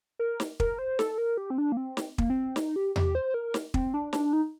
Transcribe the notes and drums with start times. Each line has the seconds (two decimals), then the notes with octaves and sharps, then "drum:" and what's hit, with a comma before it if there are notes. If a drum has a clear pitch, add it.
0.19 A#4
0.40 drum: snare
0.60 A#4, drum: kick
0.79 C5
0.99 A4, drum: snare
1.18 A#4
1.37 G4
1.50 C4
1.58 D4
1.72 A#3
1.77 C4
1.97 drum: snare
2.18 A#3, drum: kick
2.30 C4
2.56 D#4, drum: snare
2.76 G4
2.96 G4, drum: tom E2
3.15 C5
3.34 A#4
3.54 drum: snare
3.74 C4, drum: kick
3.94 D4
4.13 D4, drum: snare
4.33 D#4